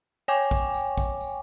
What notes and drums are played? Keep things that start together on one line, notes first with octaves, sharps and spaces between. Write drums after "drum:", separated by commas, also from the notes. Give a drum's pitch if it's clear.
C#5 G5 G#5 C#6 D6, drum: tambourine
drum: kick A#1, tambourine
drum: tambourine
drum: kick A#1, tambourine
drum: tambourine